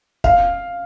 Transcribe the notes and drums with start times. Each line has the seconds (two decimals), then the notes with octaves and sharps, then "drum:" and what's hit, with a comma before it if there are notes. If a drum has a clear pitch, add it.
0.24 F5, drum: kick